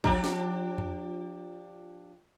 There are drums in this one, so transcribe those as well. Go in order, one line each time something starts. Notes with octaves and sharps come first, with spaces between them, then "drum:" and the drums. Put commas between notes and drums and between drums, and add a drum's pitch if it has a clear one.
F3 D4 G4, drum: kick
drum: snare
drum: tom E2